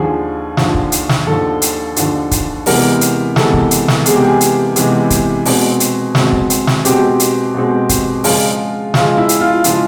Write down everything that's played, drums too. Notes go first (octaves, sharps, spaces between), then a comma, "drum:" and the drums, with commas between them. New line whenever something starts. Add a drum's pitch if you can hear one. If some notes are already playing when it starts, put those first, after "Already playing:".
Already playing: D#2 D3 F3 G#4
D#2 D3 F3, drum: snare
drum: kick
drum: hi-hat
drum: snare
D#2 D3 F3 A4
drum: hi-hat
D#2 D3 F3, drum: hi-hat
drum: kick, hi-hat
C3 E3 G#3 B3 A#4, drum: open hi-hat
drum: hi-hat
C3 E3 G#3 B3 A4, drum: snare
drum: kick
drum: hi-hat
drum: snare
C3 E3 G#3 B3 G#4, drum: hi-hat
G4
G#4
drum: hi-hat
C3 E3 G#3 B3, drum: hi-hat
drum: kick, hi-hat
B2 G#3 C4, drum: open hi-hat
drum: hi-hat
B2 G#3 C4, drum: snare
drum: kick
drum: hi-hat
drum: snare
B2 G#3 C4 G4, drum: hi-hat
drum: hi-hat
B2 G#3 C4
drum: kick, hi-hat
C#3 F3 G#3 F4, drum: open hi-hat
C#3 F3 G#3 F4, drum: snare
E4
drum: hi-hat
F4
C#3 F3 G#3 F4, drum: hi-hat